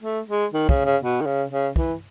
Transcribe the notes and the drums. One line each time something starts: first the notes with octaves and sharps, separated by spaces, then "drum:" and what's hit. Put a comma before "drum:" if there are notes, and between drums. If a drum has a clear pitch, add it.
A3
G#3
D#3
C#3, drum: kick
C#3
B2
D#3
C#3
C#3
E3, drum: kick